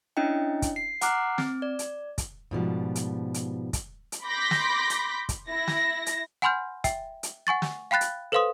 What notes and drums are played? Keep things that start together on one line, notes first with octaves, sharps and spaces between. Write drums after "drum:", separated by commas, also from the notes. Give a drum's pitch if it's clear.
C#4 D4 E4 D#5 G5
drum: kick, hi-hat
C7
F#5 A#5 D6 F6 F#6 C7, drum: hi-hat
C4, drum: snare
D5
drum: hi-hat
drum: kick, hi-hat
G#2 B2 F3 G3
drum: hi-hat
drum: hi-hat
drum: kick, hi-hat
drum: hi-hat
B5 C6 D6 G6 A#6 B6
drum: snare
drum: hi-hat
drum: kick, hi-hat
E4 A#6
drum: snare
drum: hi-hat
F#5 G#5 B5 C6 F6 G6
E5 G5, drum: kick, hi-hat
drum: hi-hat
F#5 G#5 C#6 A6
drum: snare
F5 G5 B5 F#6 A6
drum: hi-hat
A4 B4 C5 F5 C6 D#6